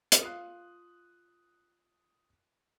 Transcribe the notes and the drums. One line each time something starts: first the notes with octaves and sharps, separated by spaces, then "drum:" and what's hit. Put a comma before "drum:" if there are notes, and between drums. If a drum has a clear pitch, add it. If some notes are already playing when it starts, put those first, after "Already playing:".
drum: hi-hat
F4 F5 D#6 F#6